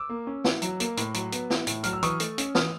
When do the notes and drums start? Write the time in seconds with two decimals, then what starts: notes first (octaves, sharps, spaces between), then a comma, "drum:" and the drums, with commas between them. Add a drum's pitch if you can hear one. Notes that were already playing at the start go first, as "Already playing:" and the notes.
Already playing: D6 E6
0.09 A#3
0.27 C#4
0.44 E4, drum: snare
0.62 F#3, drum: hi-hat
0.80 A#3, drum: hi-hat
0.97 A2, drum: hi-hat
1.14 F#3, drum: hi-hat
1.32 B3, drum: hi-hat
1.50 E4, drum: snare
1.67 A2, drum: hi-hat
1.83 F#3 F6, drum: hi-hat
1.93 E6
2.02 E3 C#6 D#6, drum: hi-hat
2.20 A3, drum: hi-hat
2.38 C#4, drum: hi-hat
2.55 E3 D#6 F6, drum: snare